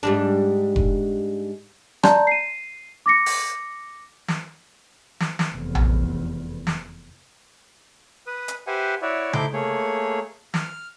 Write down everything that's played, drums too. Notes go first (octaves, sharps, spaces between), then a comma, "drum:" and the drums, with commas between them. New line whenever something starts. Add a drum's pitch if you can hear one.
G#2 G3 D4
drum: kick F1
D5 A5 A#5 C6 G6, drum: rim click
C7 D#7
D6 A#6 C#7
drum: open hi-hat
drum: snare
drum: snare
drum: snare
F1 E2
drum: tom A#1
drum: snare
B4 D#6
drum: hi-hat
G4 B4 C5 E5 F#5 G#5
E4 F#4 C#5 D5 E5
A3 D#4 E4 C5 D6 G6, drum: tom C#3
A3 A#3 G#4 C#5
F6, drum: snare